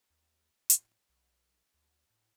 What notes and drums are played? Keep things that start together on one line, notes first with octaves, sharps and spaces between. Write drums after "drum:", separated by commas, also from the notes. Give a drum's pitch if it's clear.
D#2
A2, drum: hi-hat
B1
D2
A2